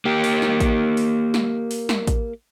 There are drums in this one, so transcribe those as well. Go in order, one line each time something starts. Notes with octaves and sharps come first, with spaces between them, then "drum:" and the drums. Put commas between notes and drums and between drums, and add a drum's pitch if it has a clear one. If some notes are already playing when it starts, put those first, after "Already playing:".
A#3 G4
drum: open hi-hat
drum: snare
drum: kick A1, hi-hat
drum: open hi-hat
drum: snare
drum: open hi-hat
drum: snare
drum: kick A1, hi-hat